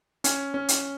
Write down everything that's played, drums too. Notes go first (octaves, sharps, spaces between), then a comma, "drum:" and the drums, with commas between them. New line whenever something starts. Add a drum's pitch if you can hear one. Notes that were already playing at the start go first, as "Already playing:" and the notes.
C#4, drum: hi-hat
C#4
drum: hi-hat